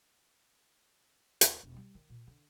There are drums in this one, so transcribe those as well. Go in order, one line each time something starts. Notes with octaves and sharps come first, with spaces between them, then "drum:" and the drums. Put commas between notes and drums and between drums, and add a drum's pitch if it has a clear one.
D#2, drum: hi-hat
E1
G3
D#3
A#2
D3